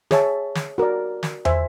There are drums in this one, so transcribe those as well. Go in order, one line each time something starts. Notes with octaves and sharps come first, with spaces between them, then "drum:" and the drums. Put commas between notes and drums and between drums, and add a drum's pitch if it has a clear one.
G#4 C#5 E5 A5, drum: snare
drum: snare
F#4 A#4 D5
drum: snare
C5 E5 G#5, drum: tom